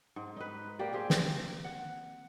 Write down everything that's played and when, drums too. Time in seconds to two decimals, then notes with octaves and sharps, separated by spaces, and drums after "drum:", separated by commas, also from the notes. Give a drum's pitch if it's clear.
0.16 G#2
0.36 D#4 B4
0.79 A#3 G4 D5
0.93 C4 G4 G#4
1.10 G5, drum: snare
1.64 F#5